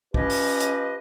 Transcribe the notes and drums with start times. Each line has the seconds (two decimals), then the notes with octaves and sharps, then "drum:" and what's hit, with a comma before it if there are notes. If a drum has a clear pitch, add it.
0.14 F3 C#4 G4 B4 D#5, drum: kick
0.30 drum: open hi-hat
0.60 drum: hi-hat